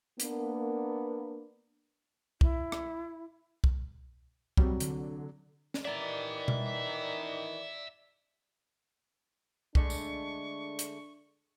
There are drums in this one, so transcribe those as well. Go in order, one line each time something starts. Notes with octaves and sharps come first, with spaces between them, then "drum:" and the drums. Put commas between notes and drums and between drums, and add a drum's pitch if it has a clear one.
A#3 B3 D4, drum: hi-hat
E4, drum: kick
drum: rim click
drum: kick
C3 F#3 G3, drum: kick
D3, drum: hi-hat
drum: snare
D#3 E3 D5 E5 A#5
drum: tom B2
D3 G#3 A3 D4 C#6, drum: kick
drum: tambourine
drum: hi-hat